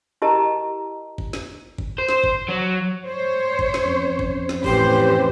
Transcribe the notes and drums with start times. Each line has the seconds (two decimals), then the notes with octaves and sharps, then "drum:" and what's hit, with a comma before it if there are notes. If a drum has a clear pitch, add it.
0.22 E4 G4 A#4 D#5 A5 A#5
1.18 drum: kick
1.33 drum: snare
1.78 drum: kick
1.98 C5
2.09 drum: snare
2.24 drum: kick
2.49 F#3
3.04 C5 C#5
3.59 drum: kick
3.74 drum: snare
3.85 F2 C4 C#4
4.19 drum: kick
4.49 drum: snare
4.64 A2 E3 G4 C5, drum: kick